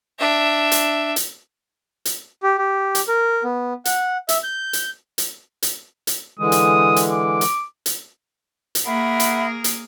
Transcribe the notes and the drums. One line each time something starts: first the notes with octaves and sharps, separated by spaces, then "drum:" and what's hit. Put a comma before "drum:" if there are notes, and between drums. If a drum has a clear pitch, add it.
D4 E5
drum: hi-hat
drum: hi-hat
drum: hi-hat
G4
G4
drum: hi-hat
A#4
B3
F#5, drum: hi-hat
E5, drum: hi-hat
G6
drum: hi-hat
drum: hi-hat
drum: hi-hat
drum: hi-hat
D3 E3 G#3 D#6
drum: hi-hat
drum: hi-hat
D6
drum: hi-hat
drum: hi-hat
drum: hi-hat
A#3 G#4 A#4 E5 F#5 B5
drum: hi-hat
drum: hi-hat